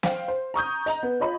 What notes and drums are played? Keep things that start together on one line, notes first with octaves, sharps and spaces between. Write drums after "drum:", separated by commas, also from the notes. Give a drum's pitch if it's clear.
C5 F5 G5, drum: snare
C5
A#5 C#6 D#6 G6
D#5 A#5, drum: hi-hat
B3
F4 C#5 D#5 B5